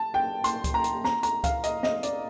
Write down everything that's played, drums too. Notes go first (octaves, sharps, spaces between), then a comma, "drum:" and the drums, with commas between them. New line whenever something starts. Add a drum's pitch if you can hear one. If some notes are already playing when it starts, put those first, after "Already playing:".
Already playing: A5
G5
C6, drum: hi-hat
drum: kick C#2, hi-hat
A#5
drum: hi-hat
A#5, drum: snare
A#5, drum: hi-hat
F5, drum: kick C#2, hi-hat
D#5, drum: hi-hat
D#5, drum: snare
D5, drum: hi-hat